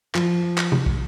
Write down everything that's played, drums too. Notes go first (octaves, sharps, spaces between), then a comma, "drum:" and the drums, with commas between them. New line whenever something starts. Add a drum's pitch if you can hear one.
F3, drum: clap
drum: clap
drum: tom C3
drum: kick